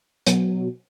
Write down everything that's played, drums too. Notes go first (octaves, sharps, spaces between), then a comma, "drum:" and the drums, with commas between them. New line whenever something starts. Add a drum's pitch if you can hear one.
B2 F#3, drum: hi-hat